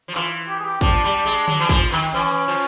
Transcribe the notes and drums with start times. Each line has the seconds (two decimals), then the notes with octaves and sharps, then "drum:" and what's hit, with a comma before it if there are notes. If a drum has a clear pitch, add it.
0.08 F3
0.15 E3 F4, drum: clap
0.48 G4
0.59 G#4
0.64 G4
0.81 F3 D4, drum: kick
1.04 G3
1.25 G#3
1.48 F#3, drum: tom D3
1.60 E3
1.69 F3, drum: kick
1.92 D#3, drum: clap
2.14 E3 C#4
2.48 F3